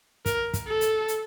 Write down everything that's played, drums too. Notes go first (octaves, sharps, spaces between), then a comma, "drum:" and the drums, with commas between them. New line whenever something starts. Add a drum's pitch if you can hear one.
A#4, drum: kick, hi-hat
drum: kick, hi-hat
A4
drum: hi-hat
drum: hi-hat